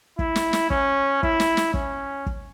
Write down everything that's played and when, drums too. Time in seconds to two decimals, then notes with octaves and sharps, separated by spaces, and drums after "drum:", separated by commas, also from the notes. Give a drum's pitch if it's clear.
0.19 E4, drum: kick
0.36 drum: snare
0.53 drum: snare
0.70 C#4, drum: kick
1.23 E4, drum: kick
1.40 drum: snare
1.57 drum: snare
1.74 C#4, drum: kick
2.26 drum: kick